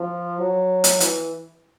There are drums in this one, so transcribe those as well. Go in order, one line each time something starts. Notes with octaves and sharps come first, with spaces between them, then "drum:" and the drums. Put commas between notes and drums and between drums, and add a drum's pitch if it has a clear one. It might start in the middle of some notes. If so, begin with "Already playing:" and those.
Already playing: F3
F#3
drum: hi-hat
E3, drum: hi-hat